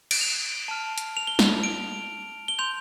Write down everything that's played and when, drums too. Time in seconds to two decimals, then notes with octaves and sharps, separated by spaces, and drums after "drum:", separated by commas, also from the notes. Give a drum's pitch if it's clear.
0.11 D7, drum: cymbal
0.21 F7
0.68 A5 F6
0.98 drum: hi-hat
1.17 F7
1.27 G7
1.39 F7, drum: snare
1.63 D7
2.48 G7
2.59 C6 G6 F7